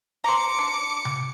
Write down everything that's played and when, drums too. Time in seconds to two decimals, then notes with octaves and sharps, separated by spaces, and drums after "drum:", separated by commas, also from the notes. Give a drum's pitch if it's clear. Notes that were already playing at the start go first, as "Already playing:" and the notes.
0.24 C5 A#5 D6 C#7
0.59 D4
1.05 drum: tom C3